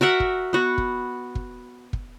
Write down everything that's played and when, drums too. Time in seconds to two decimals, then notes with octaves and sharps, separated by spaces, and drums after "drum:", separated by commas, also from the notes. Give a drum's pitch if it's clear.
0.01 F#4 A#4 E5 F#5
0.20 drum: kick
0.53 B3 F#4
0.78 drum: kick
1.35 drum: kick
1.93 drum: kick